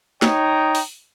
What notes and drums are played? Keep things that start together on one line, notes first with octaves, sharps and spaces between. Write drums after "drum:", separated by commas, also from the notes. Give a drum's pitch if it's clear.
D#4 C#5 G5 A#5 D#6, drum: snare
drum: open hi-hat